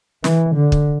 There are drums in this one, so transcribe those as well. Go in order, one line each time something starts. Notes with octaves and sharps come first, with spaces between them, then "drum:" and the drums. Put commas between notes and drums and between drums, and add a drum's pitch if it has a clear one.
E3, drum: snare
D3
drum: kick